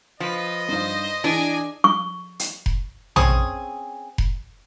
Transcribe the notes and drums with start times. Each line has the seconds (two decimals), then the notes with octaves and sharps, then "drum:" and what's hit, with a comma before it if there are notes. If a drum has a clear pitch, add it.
0.20 F3 B4 D#5
0.69 G2 D#4 C5 F5
1.24 E3 D4 G#4 G#5
1.84 C#6
2.39 drum: hi-hat
2.66 drum: kick F1
3.16 C4 C#4 G#4, drum: tom
4.18 drum: kick F1